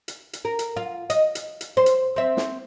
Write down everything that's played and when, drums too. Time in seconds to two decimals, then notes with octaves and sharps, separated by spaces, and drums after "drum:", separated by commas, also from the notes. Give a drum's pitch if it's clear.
0.08 drum: hi-hat
0.33 drum: hi-hat
0.45 A#4
0.59 drum: hi-hat
0.76 F4
1.10 D#5, drum: hi-hat
1.35 drum: hi-hat
1.61 drum: hi-hat
1.77 C5
1.86 drum: hi-hat
2.16 C4 E5
2.37 drum: snare